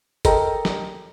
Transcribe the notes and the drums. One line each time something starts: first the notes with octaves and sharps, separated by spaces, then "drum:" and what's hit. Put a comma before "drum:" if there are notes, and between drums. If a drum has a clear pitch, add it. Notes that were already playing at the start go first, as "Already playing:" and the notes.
A4 A#4 D#5 G5 A#5, drum: kick, hi-hat
drum: snare